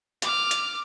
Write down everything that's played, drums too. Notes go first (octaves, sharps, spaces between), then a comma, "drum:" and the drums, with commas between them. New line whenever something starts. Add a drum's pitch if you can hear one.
D6 F6, drum: hi-hat
drum: hi-hat